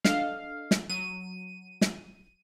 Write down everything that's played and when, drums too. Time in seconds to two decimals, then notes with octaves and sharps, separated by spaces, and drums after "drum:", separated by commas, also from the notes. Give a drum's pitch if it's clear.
0.05 D4 A4 D#5 F5, drum: snare
0.71 drum: snare
0.90 F#3 D#7
1.81 drum: snare